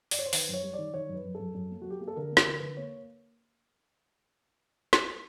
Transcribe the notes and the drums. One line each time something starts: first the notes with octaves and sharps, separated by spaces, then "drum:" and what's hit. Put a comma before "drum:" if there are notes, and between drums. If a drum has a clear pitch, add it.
D5, drum: open hi-hat
C#5
C5
D#3 B4, drum: open hi-hat
F#2 C#5
G3
D5
D#3
D#3 C#5
F#2
B4
F#2
F#2 A4
F#2
A#3
F#4
F#3 G4
A#3 G#4
A4
D3 A#4
A#3
A#4, drum: snare
D3
B4
D3
A#3 C#5
drum: snare